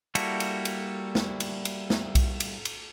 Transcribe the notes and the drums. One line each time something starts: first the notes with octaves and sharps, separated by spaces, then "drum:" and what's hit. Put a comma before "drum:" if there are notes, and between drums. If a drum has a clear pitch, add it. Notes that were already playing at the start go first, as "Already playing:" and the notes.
G3 A#3 E4 F#4 A4, drum: cymbal
drum: cymbal
drum: cymbal
drum: snare
drum: cymbal
drum: cymbal
drum: snare
drum: kick B1, cymbal
drum: cymbal
drum: cymbal